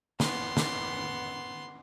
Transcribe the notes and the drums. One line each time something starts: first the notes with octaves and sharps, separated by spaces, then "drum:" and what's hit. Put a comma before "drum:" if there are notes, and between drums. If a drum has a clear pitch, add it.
B3 C6, drum: snare
drum: snare